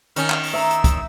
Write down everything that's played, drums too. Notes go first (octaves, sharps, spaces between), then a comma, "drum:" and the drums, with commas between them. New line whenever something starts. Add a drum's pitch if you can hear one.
D#3 C#4 F6, drum: hi-hat
drum: clap
drum: open hi-hat
E5 A#5 E6
drum: hi-hat
drum: kick, hi-hat